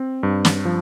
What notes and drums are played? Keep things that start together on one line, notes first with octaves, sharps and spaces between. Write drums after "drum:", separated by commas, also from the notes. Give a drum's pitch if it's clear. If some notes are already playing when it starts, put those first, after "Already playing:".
Already playing: C4
G2
drum: snare
F3